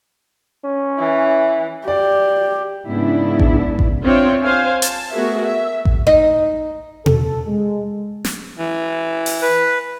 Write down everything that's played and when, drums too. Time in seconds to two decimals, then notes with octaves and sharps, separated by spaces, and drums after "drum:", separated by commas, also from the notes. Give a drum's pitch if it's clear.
0.64 C#4
0.99 E3
1.88 G4 D5
2.87 G#2 C#3 B3 D4 E4
3.39 drum: kick A1
3.79 drum: kick A1
4.03 C4 D4 F4 C#5 E5 G5
4.43 C5 F5 G#5
4.82 A5, drum: hi-hat
5.12 A3 B3 F#4 G#4 A#4 E5
5.44 E5
5.85 drum: kick A1
6.07 D#4
7.06 A4, drum: tom B2
7.47 G#3
8.25 drum: snare
8.59 E3
9.26 drum: open hi-hat
9.42 B4